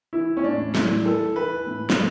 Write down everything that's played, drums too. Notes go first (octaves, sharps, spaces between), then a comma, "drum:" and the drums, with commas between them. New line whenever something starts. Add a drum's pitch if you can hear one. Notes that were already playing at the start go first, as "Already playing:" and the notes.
E3 E4
C#4
A2 D4
A2 E4, drum: snare
E3 A4
E3 B4
A2
drum: snare